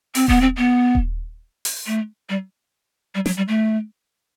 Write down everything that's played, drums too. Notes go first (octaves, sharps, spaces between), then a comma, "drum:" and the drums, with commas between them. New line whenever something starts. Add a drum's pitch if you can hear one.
C4, drum: open hi-hat
B3, drum: kick D#1
C4
B3
drum: kick D#1
drum: open hi-hat
A3
G3
G3
F#3, drum: snare
G3
A3